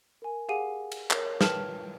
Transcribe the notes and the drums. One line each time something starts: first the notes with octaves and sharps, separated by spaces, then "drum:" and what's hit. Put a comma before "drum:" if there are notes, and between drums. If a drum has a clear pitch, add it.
A#4 G#5
G4 G#4 F5 F#5 G#5 D#7
drum: cymbal
A#4 C#5, drum: clap
B4 G5 A5 F6 E7 F#7, drum: snare